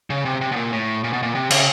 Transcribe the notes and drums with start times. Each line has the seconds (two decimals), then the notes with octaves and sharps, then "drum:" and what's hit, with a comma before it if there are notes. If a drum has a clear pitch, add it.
0.10 C#3
0.25 C3
0.41 C3
0.52 B2
0.56 A#2
0.72 A2
1.04 A#2
1.13 B2
1.22 A#2
1.35 C3
1.50 C#3, drum: cymbal